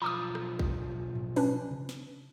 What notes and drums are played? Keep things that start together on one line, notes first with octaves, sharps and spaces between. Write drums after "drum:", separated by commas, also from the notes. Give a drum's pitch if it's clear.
B1 F3 A#5 D6 D#6
drum: rim click
drum: kick A1
drum: tom G#2
C#4 D4 B4, drum: open hi-hat
drum: tom C3
drum: snare